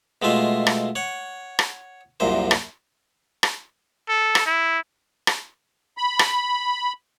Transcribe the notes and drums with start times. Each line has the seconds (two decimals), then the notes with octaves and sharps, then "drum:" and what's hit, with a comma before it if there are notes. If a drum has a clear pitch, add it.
0.22 B2 G#3 A3 F4 E5
0.67 drum: rim click
0.95 C#5 F#5
1.59 drum: rim click
2.20 C2 F#2 A#2 C5
2.51 drum: rim click
3.43 drum: rim click
4.08 A4
4.35 drum: rim click
4.46 E4
5.27 drum: rim click
5.98 B5
6.19 drum: rim click